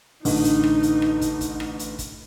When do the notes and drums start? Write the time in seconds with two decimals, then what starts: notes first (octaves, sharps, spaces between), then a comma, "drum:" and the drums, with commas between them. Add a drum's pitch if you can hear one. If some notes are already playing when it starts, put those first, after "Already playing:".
0.25 A1 D3 D#4 D#5, drum: open hi-hat
0.44 drum: hi-hat
0.64 drum: rim click
0.83 drum: hi-hat
1.02 drum: rim click
1.21 drum: kick, hi-hat
1.41 drum: kick, hi-hat
1.60 drum: rim click
1.79 drum: hi-hat
1.99 drum: kick, hi-hat